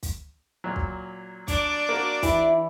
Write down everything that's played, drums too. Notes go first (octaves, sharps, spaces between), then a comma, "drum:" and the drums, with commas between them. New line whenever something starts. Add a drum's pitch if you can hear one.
drum: kick, hi-hat
A#2 F#3
drum: kick
D4 D5, drum: kick, hi-hat
A#3 F#4
E3 E4 G4, drum: kick, hi-hat